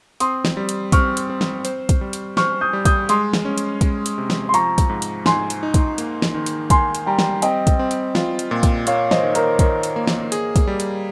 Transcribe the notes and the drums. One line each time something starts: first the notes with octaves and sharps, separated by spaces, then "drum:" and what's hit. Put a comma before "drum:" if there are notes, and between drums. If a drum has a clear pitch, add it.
C4 C6 D#6, drum: hi-hat
drum: snare
G3
drum: hi-hat
C4 C#6 F6, drum: kick, hi-hat
drum: hi-hat
C4
drum: snare
C5, drum: hi-hat
drum: kick, hi-hat
G3
drum: hi-hat
C5 C#6 F6, drum: snare
D#6 G6
G3
D#6 G6, drum: kick, hi-hat
G#3 C6 D#6, drum: hi-hat
drum: snare
C#4
drum: hi-hat
G#3, drum: kick, hi-hat
drum: hi-hat
C3
drum: snare
C6
F3 A#5 C#6, drum: hi-hat
drum: kick, hi-hat
G#2
drum: hi-hat
G#2 G#5 C6, drum: snare
drum: hi-hat
D#4
drum: kick, hi-hat
A#3, drum: hi-hat
drum: snare
D#3
drum: hi-hat
D#3 G#5 C6, drum: kick, hi-hat
drum: hi-hat
G3 G5 A#5
drum: snare
C4 D#5 G5, drum: hi-hat
drum: kick, hi-hat
C4
drum: hi-hat
F4, drum: snare
drum: hi-hat
A#2
drum: kick, hi-hat
A#3 C#5 F5, drum: hi-hat
C5 D#5, drum: snare
D#3
A#4 C#5, drum: hi-hat
D#3 A#4, drum: kick, hi-hat
drum: hi-hat
A#3
drum: snare
G#4, drum: hi-hat
drum: kick, hi-hat
G3
drum: hi-hat